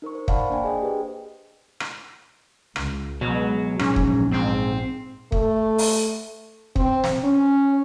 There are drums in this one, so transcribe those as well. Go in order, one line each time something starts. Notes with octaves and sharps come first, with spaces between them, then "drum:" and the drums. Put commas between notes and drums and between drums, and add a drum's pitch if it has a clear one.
D#4 A#4 C5 C#6
C5
C5 D5 F5 F#5 A5 B5, drum: kick
A#3 D4 D5 G5 G#5
G#4 D#5 G5
G4 G#4 B4 C5
drum: rim click
C#2, drum: rim click
B2 F#3 G#3
A#1 G#2 C#4, drum: rim click
drum: kick
G#2 C4
A3, drum: kick
drum: open hi-hat
C4, drum: kick
drum: snare
C#4